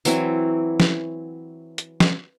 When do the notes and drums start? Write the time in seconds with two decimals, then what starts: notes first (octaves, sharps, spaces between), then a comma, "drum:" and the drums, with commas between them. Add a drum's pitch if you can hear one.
0.05 E3 F#3 C4 E4, drum: tambourine
0.80 drum: snare
1.78 drum: hi-hat
2.00 drum: snare